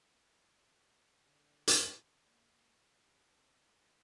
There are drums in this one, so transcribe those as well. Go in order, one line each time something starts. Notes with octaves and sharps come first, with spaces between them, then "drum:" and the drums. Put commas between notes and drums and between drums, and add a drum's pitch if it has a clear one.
D3
drum: hi-hat
A#3
C3 D#3
D6 F6
B3 C4 A4
C4
A1 G#2 G#4 A#4 D7
B2 D#3 G6 A#6 B6